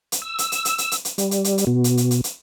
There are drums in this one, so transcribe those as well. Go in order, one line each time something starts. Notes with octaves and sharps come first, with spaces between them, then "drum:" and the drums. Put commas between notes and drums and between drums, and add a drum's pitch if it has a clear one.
drum: hi-hat
E6
drum: hi-hat
drum: hi-hat
drum: hi-hat
drum: hi-hat
drum: hi-hat
drum: hi-hat
G3, drum: hi-hat
drum: hi-hat
drum: hi-hat
drum: hi-hat
B2
drum: hi-hat
drum: hi-hat
drum: hi-hat
drum: hi-hat